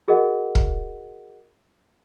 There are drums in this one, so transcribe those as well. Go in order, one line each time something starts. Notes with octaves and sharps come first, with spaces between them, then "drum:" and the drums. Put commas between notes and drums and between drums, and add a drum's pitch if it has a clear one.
F#4 G#4 A#4 D#5 F#5
drum: kick